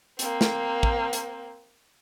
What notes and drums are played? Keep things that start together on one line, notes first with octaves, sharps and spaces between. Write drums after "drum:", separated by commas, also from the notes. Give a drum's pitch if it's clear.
A#3 C4, drum: hi-hat
drum: snare
drum: kick
drum: hi-hat